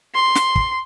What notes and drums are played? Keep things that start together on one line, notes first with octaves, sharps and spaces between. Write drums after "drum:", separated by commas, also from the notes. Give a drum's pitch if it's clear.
C6
drum: snare
drum: kick